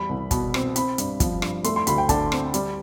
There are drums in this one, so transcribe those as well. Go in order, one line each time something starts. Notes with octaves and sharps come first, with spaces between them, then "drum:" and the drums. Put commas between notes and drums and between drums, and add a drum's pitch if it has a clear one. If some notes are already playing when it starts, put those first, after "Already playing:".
Already playing: E2 G3 B5
C2
B2, drum: kick, hi-hat
C4, drum: rim click
C4 B5, drum: hi-hat
G2, drum: hi-hat
F3, drum: kick, hi-hat
G2, drum: rim click
A3 C6, drum: hi-hat
C6
D2 B5, drum: hi-hat
G5
D3 A5, drum: kick, hi-hat
C4, drum: rim click
G3, drum: hi-hat